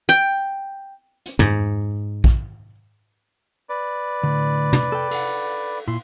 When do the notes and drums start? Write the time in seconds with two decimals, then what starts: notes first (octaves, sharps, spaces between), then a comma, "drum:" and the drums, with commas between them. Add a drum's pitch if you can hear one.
0.09 G5
1.26 drum: hi-hat
1.39 G#2, drum: tom
2.24 drum: kick A#1
3.69 B4 D5
4.23 A2 D3
4.73 drum: tom
4.92 A4 G5
5.11 A4 F#5, drum: cymbal
5.88 A#2 E4 C6